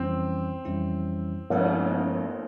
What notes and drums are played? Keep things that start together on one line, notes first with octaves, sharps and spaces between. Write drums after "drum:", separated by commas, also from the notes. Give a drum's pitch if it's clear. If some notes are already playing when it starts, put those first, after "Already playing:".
Already playing: F2 E3 G3 C4 C#4 E4
F2 E3 G3 C#4 E4
G2 F3 G#3 C#4 E4, drum: cymbal